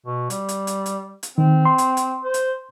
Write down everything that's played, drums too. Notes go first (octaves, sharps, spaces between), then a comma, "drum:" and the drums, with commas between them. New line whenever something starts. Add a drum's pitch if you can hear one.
B2
G3, drum: hi-hat
drum: hi-hat
drum: hi-hat
drum: hi-hat
drum: hi-hat
D#3 C4
C6
drum: hi-hat
drum: hi-hat
C5
drum: hi-hat